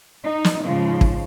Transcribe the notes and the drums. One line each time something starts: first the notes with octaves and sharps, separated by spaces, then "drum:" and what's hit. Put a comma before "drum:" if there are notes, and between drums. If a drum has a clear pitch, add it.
D#4
drum: snare
G#2 C#3 F3
drum: kick